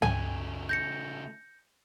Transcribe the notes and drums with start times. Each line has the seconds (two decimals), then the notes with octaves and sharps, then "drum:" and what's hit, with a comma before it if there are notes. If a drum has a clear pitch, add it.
0.02 C#3 A3 G#5, drum: tom
0.69 G6 A#6 C#7